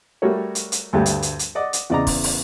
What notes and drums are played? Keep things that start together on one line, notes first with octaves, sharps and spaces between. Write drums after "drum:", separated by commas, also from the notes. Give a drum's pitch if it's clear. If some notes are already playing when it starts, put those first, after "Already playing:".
G3 A3 F#4 A#4 C#5
drum: hi-hat
drum: hi-hat
D2 G2 G3 A3
drum: hi-hat
drum: hi-hat
drum: hi-hat
D5 D#5 F#5
drum: hi-hat
E2 C#3 D5 D#5 A#5
drum: kick, open hi-hat
drum: open hi-hat